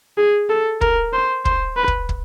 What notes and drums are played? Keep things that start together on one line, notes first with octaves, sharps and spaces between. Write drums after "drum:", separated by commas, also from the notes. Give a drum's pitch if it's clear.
G#4
A4
A#4, drum: kick
C5
C5, drum: kick
B4
drum: kick
drum: kick